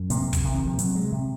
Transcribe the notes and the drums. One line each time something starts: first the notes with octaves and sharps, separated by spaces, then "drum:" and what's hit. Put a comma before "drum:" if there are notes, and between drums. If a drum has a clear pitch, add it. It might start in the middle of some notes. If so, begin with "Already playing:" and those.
Already playing: F#2
C3 A#3, drum: hi-hat
drum: kick, hi-hat
C3
D#3
F3
C3 F#3, drum: hi-hat
G#3
C3